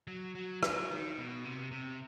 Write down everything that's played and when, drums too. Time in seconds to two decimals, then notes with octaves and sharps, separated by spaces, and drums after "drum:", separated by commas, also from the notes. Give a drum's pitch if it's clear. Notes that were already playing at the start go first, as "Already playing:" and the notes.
0.07 F#3
0.35 F#3
0.63 F#3, drum: rim click
0.90 D#3
1.17 B2
1.45 C3
1.72 C3